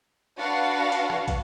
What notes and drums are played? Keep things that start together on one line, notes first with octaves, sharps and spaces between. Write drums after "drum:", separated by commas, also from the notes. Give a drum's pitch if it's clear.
D4 F#4 B4 F5 F#5
drum: hi-hat
drum: rim click
drum: kick, hi-hat